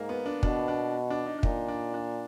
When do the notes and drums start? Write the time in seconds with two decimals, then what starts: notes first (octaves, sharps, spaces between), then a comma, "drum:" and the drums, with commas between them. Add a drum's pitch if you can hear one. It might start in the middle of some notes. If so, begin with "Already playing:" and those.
Already playing: G#2 A#3
0.09 B3
0.26 D4
0.43 B2 D4, drum: kick
0.68 D4
1.10 D4
1.26 D#4
1.38 D4
1.43 A#2 D#4, drum: kick
1.68 D4
1.94 D4